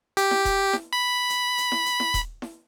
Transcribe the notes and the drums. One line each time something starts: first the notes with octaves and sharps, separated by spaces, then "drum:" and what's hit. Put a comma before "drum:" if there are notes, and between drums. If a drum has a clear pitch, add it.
G4, drum: hi-hat
drum: snare E4
drum: kick D#1, hi-hat
drum: snare E4
B5
drum: hi-hat
drum: hi-hat
drum: snare E4
drum: hi-hat
drum: snare E4
drum: kick D#1, hi-hat
drum: snare E4